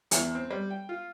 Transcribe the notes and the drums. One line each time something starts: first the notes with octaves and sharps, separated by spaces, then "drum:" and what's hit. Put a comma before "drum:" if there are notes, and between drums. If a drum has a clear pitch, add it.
E2, drum: hi-hat
C4
G3
G5
F4